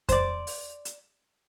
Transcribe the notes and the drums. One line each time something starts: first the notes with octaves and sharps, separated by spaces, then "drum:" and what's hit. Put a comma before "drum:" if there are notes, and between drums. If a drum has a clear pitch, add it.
C5 D5, drum: kick F2, hi-hat
drum: open hi-hat
drum: hi-hat